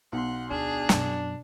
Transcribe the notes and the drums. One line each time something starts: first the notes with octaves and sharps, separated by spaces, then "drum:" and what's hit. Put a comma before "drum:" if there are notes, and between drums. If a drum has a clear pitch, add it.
B1 F#5 C6
D2 D4 G#4
F#2 B2, drum: snare